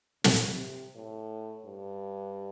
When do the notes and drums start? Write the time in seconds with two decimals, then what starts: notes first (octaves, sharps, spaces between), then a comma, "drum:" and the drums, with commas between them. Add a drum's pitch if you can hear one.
0.24 C3, drum: snare
0.95 A2
1.65 G2